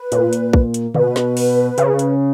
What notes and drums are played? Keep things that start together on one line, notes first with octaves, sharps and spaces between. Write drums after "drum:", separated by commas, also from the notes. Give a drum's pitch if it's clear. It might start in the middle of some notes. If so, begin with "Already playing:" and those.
Already playing: B4
A#2, drum: hi-hat
drum: hi-hat
drum: kick
drum: hi-hat
B2 B4, drum: tom D3
drum: snare
drum: open hi-hat
C#3, drum: hi-hat
drum: hi-hat